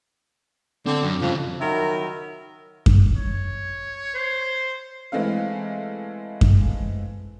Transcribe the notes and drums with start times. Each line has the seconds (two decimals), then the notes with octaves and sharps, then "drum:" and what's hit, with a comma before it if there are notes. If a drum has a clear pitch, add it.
0.86 D3 C4 G5
1.03 F#2
1.21 F2 C#3 G3
1.60 D#3 F#3 A#4 E5 B5
2.86 drum: kick F#2
3.17 C#5
4.15 C5
5.12 E3 G#3 A3 C4 F5
6.41 drum: kick F#2